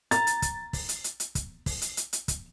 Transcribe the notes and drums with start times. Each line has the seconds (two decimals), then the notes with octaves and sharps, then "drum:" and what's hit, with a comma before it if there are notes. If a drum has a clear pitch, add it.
0.11 A#5 A6, drum: hi-hat
0.27 drum: hi-hat
0.42 drum: kick, hi-hat
0.73 drum: kick, open hi-hat
0.89 drum: hi-hat
1.04 drum: hi-hat
1.20 drum: hi-hat
1.35 drum: kick, hi-hat
1.66 drum: kick, open hi-hat
1.82 drum: hi-hat
1.97 drum: hi-hat
2.13 drum: hi-hat
2.28 drum: kick, hi-hat